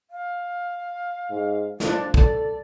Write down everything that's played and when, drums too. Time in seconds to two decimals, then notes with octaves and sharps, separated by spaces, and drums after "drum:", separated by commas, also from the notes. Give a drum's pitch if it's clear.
0.10 F5
1.31 G#2
1.80 F3 D4, drum: snare
2.14 A4 D5, drum: kick